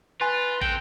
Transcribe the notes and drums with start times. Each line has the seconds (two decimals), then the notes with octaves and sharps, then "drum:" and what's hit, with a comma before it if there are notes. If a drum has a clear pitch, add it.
0.21 F4 B4 G#5 C6 A6
0.62 C4 A4 G5, drum: kick